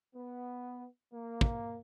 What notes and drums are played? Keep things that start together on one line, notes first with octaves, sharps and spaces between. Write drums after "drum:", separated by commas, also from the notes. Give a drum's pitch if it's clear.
B3
A#3
drum: kick